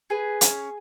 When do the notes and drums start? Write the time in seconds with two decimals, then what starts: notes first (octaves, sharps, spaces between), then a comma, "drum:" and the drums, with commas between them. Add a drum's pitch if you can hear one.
0.10 G#4 B4
0.41 C#4, drum: hi-hat